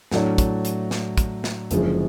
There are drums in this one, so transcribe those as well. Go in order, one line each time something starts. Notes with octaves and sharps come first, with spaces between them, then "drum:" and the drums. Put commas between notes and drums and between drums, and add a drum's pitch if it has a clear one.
A2 F#3 A3 D4, drum: snare
drum: kick, hi-hat
drum: hi-hat
drum: snare
drum: kick, hi-hat
drum: snare
F#1 F#2 D3 F3 G#3, drum: hi-hat